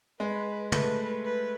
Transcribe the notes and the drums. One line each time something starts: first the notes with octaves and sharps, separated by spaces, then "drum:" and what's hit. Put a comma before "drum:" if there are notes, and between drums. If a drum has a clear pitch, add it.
G#3 B4
A3 B4, drum: tom
B4